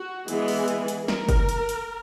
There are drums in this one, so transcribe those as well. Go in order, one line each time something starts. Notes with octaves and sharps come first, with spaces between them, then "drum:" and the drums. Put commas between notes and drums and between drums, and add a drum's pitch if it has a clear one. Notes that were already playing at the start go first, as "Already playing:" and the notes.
Already playing: F#4
E3 G#3 B3 G#4, drum: hi-hat
drum: open hi-hat
G#4, drum: hi-hat
drum: hi-hat
A#4, drum: snare
drum: kick, hi-hat
drum: hi-hat
drum: hi-hat